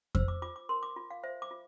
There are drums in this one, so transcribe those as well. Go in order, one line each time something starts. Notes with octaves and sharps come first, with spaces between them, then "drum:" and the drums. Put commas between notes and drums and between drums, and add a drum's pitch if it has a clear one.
C5 E6, drum: kick F2
D6
F4 D6
D6
A#4 C6
D6
F4
F5
C5 E5
D6
F4